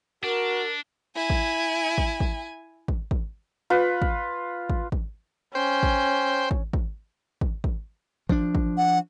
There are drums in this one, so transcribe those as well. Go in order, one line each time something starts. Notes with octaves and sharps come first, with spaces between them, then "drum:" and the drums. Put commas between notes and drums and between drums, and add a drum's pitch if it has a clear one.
D4 F#4 A#4
E4 G#5
drum: kick
drum: kick
drum: kick
drum: kick
drum: kick
F4 B4
drum: kick
drum: kick
drum: kick
C#4 C5 G5
drum: kick
drum: kick
drum: kick
drum: kick
drum: kick
F3 D4, drum: kick
drum: kick
F#5